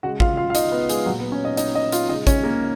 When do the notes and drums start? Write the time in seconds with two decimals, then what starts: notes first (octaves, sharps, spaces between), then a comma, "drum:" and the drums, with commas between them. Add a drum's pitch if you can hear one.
0.03 C#3 G#3 F#4 F#5
0.20 F4 F5, drum: kick
0.37 F4 F5
0.50 F5
0.55 D#4 D#5, drum: hi-hat
0.72 B3 B4
0.89 G#3 G#4, drum: hi-hat
1.06 A#2 F#3 F#4
1.20 B3 B4
1.32 C#4 C#5
1.45 D#4 D#5
1.57 D#4 D#5, drum: hi-hat
1.75 D#4 D#5
1.92 F4 F5, drum: hi-hat
2.09 C#3 G#3 D#4 D#5
2.27 C#4 C#5, drum: kick, hi-hat
2.43 A#3 A#4